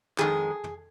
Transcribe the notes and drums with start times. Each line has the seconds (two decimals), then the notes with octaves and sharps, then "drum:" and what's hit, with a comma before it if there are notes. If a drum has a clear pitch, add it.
0.18 F2 D#3 G#3 G#4, drum: clap
0.64 drum: tom